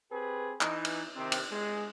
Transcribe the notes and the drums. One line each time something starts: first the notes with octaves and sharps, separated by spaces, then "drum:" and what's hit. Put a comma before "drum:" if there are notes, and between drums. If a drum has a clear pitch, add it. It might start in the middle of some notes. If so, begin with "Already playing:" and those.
C4 G4 G#4 B4
E3 D#4, drum: clap
drum: cymbal
C3 D#3 C4
drum: cymbal
G#3